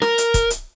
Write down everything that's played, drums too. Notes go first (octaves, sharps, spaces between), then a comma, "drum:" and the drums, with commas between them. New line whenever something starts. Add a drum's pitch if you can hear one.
A#4, drum: snare
drum: hi-hat
drum: kick, hi-hat
drum: hi-hat